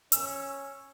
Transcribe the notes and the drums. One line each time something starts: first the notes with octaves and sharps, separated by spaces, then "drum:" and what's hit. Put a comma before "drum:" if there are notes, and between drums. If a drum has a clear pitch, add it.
C#4 E6, drum: hi-hat